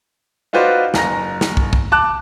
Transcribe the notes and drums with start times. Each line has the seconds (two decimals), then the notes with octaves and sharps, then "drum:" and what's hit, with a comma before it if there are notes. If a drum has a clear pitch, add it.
0.53 D#4 F4 F#4 B4 C5 D5
0.94 F#1 A#5 A#6, drum: snare
1.41 drum: snare
1.57 drum: kick
1.73 drum: kick
1.92 A5 D6 F#6